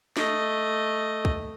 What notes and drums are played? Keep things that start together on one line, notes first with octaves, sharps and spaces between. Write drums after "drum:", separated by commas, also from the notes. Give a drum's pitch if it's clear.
A3 D#5, drum: snare
drum: kick